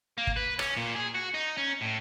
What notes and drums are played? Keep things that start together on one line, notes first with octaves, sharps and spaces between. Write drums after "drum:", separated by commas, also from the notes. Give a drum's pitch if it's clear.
A#3
drum: kick
B4
C#4, drum: rim click
A#2
G#4
F#4
D#4
C#4
A2